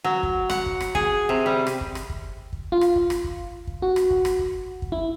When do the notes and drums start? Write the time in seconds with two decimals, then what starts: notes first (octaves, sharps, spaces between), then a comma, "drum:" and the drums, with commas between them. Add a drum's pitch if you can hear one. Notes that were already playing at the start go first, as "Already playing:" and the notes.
0.04 F#3
0.23 drum: kick
0.50 F#5, drum: rim click
0.66 drum: kick
0.80 drum: rim click
0.95 G#4, drum: kick
1.29 C3
1.46 G3
1.67 drum: rim click
1.81 drum: kick
1.95 drum: rim click
2.10 drum: kick
2.53 drum: kick
2.72 F4
2.81 drum: rim click
2.96 drum: kick
3.10 drum: rim click
3.24 drum: kick
3.67 drum: kick
3.82 F#4
3.96 drum: rim click
4.10 drum: kick
4.25 drum: rim click
4.39 drum: kick
4.82 drum: kick
4.92 E4